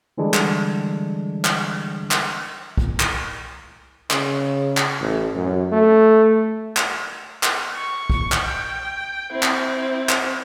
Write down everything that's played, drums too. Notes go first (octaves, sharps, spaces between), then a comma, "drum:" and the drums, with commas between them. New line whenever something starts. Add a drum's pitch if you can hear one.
D3 E3 G3 G#3 D4
drum: clap
drum: clap
drum: clap
drum: kick
drum: clap
C#3, drum: clap
drum: clap
A1
F#2
A3
drum: clap
drum: clap
C#6
drum: kick
drum: clap
G5
C4 E4
drum: clap
drum: clap